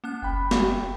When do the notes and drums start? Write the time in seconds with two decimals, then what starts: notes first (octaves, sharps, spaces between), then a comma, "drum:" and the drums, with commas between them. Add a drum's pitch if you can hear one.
0.04 A#3 C#4 F#6
0.22 F#1 G5 B5
0.51 drum: snare